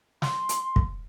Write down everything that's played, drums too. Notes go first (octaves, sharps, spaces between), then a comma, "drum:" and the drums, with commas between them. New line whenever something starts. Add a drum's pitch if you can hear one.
C6, drum: snare
drum: hi-hat
drum: kick